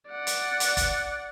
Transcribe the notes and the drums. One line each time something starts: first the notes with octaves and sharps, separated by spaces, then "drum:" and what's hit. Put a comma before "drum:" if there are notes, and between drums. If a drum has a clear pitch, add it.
D5 F#5
drum: hi-hat
drum: hi-hat
drum: kick, hi-hat